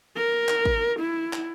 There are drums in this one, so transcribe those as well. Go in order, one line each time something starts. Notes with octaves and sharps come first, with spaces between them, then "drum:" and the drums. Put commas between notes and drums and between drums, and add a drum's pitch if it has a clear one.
A#4
drum: clap
drum: kick
E4
drum: clap